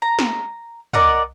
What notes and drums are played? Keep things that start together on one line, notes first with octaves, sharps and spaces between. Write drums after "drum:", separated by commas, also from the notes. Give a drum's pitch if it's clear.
A#5
drum: snare
A#4 D5 D#5 F#5, drum: tom